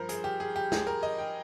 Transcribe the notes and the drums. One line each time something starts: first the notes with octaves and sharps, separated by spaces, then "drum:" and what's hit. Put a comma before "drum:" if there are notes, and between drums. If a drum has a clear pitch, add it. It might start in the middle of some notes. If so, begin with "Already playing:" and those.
Already playing: G2 F3 A#4 C5
G#4, drum: hi-hat
G4
G#4
G4
G#4, drum: snare
A#4
D#5
G5